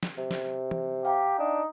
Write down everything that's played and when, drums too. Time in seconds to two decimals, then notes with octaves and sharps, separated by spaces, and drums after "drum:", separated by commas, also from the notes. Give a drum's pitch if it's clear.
0.03 drum: snare
0.18 C3
0.31 drum: snare
0.71 drum: tom E3
1.05 G4 F5 G5 A#5
1.39 D4 D#4